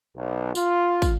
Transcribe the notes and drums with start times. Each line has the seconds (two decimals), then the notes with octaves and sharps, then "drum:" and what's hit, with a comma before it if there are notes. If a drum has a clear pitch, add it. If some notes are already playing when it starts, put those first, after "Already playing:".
0.17 B1
0.55 F4, drum: tambourine
1.02 drum: kick, tambourine